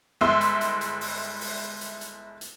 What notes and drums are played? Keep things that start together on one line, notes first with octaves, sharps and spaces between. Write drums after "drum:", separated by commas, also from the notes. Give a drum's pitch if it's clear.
G1 G#3 E4 E5 C6
drum: hi-hat
drum: hi-hat
drum: hi-hat
drum: open hi-hat
drum: open hi-hat
drum: hi-hat
drum: hi-hat
drum: hi-hat